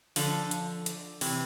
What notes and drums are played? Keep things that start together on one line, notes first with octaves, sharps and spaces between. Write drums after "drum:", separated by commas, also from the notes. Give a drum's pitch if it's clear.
D3 F3, drum: open hi-hat
drum: hi-hat
drum: hi-hat
C3 E3, drum: open hi-hat